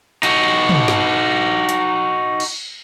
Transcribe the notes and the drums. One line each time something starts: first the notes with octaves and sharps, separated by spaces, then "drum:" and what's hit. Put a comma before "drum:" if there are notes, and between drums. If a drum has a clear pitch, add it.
D#4 F#4, drum: hi-hat
drum: tom
drum: snare
drum: hi-hat
drum: cymbal